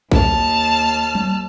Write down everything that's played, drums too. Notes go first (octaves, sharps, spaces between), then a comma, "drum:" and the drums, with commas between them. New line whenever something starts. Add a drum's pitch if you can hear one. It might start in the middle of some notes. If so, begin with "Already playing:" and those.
D#2 A5 F6, drum: kick
drum: tom F#3